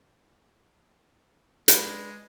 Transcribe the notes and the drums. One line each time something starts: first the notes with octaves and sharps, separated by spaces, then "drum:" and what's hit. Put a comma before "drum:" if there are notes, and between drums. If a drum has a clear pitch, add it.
G#3 D4 B4, drum: hi-hat